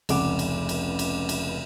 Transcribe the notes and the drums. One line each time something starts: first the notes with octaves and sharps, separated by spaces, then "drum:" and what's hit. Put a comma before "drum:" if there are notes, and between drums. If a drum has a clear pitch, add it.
F1 C#2 F#5 D6, drum: cymbal
drum: cymbal
drum: cymbal
drum: cymbal
drum: cymbal